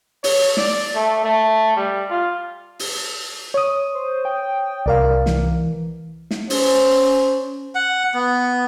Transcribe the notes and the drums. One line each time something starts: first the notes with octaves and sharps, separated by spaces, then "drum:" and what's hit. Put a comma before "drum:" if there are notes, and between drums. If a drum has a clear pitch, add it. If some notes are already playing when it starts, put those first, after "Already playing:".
C#5, drum: open hi-hat
D5, drum: snare
A3
A3
G3
F4
drum: open hi-hat
C#5 D#6
C5
G5
C2 A#4 D5 F5
E3, drum: snare
drum: snare
C#4 C5, drum: open hi-hat
F#5
B3